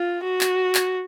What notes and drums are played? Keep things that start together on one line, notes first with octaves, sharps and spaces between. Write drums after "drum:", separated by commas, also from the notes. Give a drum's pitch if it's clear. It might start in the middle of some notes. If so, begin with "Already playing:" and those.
Already playing: F4
F#4
drum: clap
drum: clap